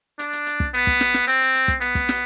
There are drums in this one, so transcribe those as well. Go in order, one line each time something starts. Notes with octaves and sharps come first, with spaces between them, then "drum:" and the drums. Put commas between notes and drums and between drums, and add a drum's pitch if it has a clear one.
D4, drum: hi-hat
drum: hi-hat
drum: hi-hat
drum: kick
B3, drum: hi-hat
drum: kick, hi-hat
drum: snare
drum: snare
C4, drum: hi-hat
drum: hi-hat
drum: hi-hat
drum: kick, hi-hat
B3, drum: hi-hat
drum: kick, hi-hat
drum: snare